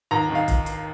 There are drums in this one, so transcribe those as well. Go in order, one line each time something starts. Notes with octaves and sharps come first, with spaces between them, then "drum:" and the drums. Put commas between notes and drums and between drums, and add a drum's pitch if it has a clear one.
D#2 A#5
D#3
F5
drum: kick, hi-hat
drum: hi-hat